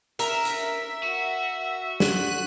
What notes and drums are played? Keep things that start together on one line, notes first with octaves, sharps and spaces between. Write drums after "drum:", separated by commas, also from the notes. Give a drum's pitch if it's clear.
A#4 E5, drum: hi-hat
drum: hi-hat
F#4
F#6 B6 D#7, drum: snare